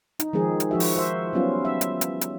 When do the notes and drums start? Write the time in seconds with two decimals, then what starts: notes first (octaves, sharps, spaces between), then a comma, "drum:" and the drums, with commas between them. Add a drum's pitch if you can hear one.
0.20 D#4, drum: hi-hat
0.33 D#3 F3 G#3 C4 G#4
0.60 drum: hi-hat
0.71 F3 F#4 E5
0.80 drum: open hi-hat
0.96 C5 E5
1.33 F#3 G3 B3 C#4 F4
1.65 E5
1.81 drum: hi-hat
2.01 drum: hi-hat
2.21 drum: hi-hat